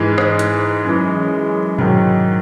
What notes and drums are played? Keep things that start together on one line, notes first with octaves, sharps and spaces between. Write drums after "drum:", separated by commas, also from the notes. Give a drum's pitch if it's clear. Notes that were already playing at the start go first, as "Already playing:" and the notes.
Already playing: G#2 E3 G#3
drum: rim click
drum: hi-hat
F#2 E3
G#2 D#3 F#3, drum: tom A#2